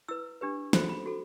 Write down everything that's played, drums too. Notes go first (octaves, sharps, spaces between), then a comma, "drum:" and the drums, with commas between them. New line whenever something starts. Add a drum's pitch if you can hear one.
E4 B4 E6
D4 G4 B4
F#4 A4 C5 B5, drum: snare
B5
F#4 A4